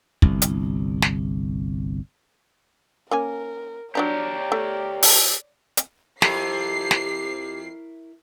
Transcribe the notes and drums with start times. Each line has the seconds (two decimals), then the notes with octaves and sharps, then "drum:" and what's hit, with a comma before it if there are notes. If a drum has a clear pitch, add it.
0.22 G1 C2, drum: kick
0.42 drum: hi-hat
1.02 drum: snare
3.11 A#3 C#4 A#4 G#5
3.95 F#3 D4 G4 A#4 C#5 D5 A#5
4.52 A3
5.03 drum: open hi-hat
5.77 drum: hi-hat
6.22 F2 E4 G4 A4 A#4 C7, drum: snare
6.91 drum: snare